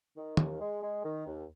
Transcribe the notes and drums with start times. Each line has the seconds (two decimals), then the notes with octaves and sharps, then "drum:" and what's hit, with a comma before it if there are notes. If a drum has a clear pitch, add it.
0.16 D#3
0.37 D#2, drum: tom
0.60 G#3
0.82 G#3
1.04 D#3
1.26 D#2